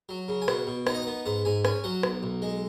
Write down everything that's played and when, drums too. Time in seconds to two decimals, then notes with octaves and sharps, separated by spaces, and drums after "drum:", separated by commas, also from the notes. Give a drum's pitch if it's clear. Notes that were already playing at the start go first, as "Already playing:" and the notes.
0.09 F#3
0.28 C#3
0.42 G#5
0.48 B2 F#5, drum: rim click
0.67 B2
0.87 D#4 F#5, drum: rim click
0.94 D#5
1.02 B3 F#5
1.26 G#2 F#5
1.45 G#2 G#5
1.65 C#4 G#5, drum: rim click
1.84 F#3 F#5
2.03 B1, drum: rim click
2.23 B1
2.42 G#3